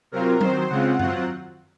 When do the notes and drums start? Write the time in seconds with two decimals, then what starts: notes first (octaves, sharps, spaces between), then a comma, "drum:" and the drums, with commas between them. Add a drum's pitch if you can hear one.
0.12 C3 F#3 C4 F4 A#4
0.41 D#3 F#3 C4 C5, drum: tom F#3
0.69 C#3 G#3 C4 F4 F#5
0.99 F#3 C4 F4 F#5, drum: tom F#2